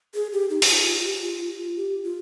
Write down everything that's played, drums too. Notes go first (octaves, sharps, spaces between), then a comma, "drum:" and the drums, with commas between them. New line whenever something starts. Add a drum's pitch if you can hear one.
G#4
G4
D#4
G4, drum: open hi-hat
F4
F4
G4
F4
F4
G4
F4